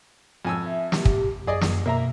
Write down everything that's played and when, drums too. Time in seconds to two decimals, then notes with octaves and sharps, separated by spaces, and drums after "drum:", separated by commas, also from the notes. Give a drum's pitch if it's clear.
0.45 F2 G#2 G#5 E6
0.66 E5
0.92 G4, drum: snare
1.05 drum: kick
1.47 F#2 G#4 D5 D#5
1.61 drum: snare
1.86 B2 A#3 E5 A#5